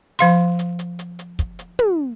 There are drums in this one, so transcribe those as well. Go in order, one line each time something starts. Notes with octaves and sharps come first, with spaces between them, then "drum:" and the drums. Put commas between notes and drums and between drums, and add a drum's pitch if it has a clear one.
F3 F5 C6
drum: hi-hat
drum: hi-hat
drum: hi-hat
drum: hi-hat
drum: kick, hi-hat
drum: hi-hat
drum: tom